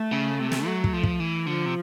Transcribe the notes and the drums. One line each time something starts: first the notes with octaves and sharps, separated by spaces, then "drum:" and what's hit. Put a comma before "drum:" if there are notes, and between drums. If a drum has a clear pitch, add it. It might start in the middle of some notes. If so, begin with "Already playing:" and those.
Already playing: A3
C#3
C3
drum: snare
F#3
drum: kick
F3
drum: kick
E3
D3 F3
C3